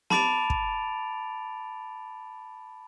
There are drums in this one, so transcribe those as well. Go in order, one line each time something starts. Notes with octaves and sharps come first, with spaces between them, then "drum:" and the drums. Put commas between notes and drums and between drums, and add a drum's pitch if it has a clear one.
A5 B5 D6 A6 D7 F7, drum: snare
drum: kick